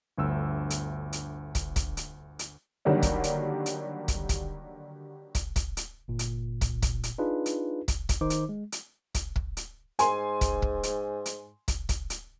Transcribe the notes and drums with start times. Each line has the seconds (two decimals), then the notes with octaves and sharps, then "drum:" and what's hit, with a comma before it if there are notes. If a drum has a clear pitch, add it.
0.18 G1 D2 E6
0.70 drum: hi-hat
1.13 drum: hi-hat
1.55 drum: kick, hi-hat
1.76 drum: kick, hi-hat
1.97 drum: hi-hat
2.39 drum: hi-hat
2.85 D3 D#3 F#3 G3 A#3 D4
3.02 drum: kick, hi-hat
3.24 drum: hi-hat
3.66 drum: hi-hat
4.08 drum: kick, hi-hat
4.29 drum: kick, hi-hat
5.35 drum: kick, hi-hat
5.56 drum: kick, hi-hat
5.77 drum: hi-hat
6.08 G1 A#2
6.19 drum: hi-hat
6.61 drum: kick, hi-hat
6.82 drum: kick, hi-hat
7.03 drum: hi-hat
7.18 D4 D#4 F4 G#4 B4
7.46 drum: hi-hat
7.88 drum: kick, hi-hat
8.09 drum: kick, hi-hat
8.21 D#3 D#4 C5 D6
8.30 drum: hi-hat
8.49 G#3
8.72 drum: hi-hat
9.15 drum: kick, hi-hat
9.36 drum: kick
9.57 drum: hi-hat
9.99 G#2 G#5 C6, drum: hi-hat
10.41 drum: kick, hi-hat
10.62 drum: kick
10.83 drum: hi-hat
11.26 drum: hi-hat
11.68 drum: kick, hi-hat
11.89 drum: kick, hi-hat
12.10 drum: hi-hat